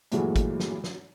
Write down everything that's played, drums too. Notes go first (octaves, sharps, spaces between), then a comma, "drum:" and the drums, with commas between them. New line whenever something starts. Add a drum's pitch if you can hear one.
G2 A#2 E3 F#3 G#3 A3, drum: hi-hat
drum: kick, hi-hat
drum: snare
drum: snare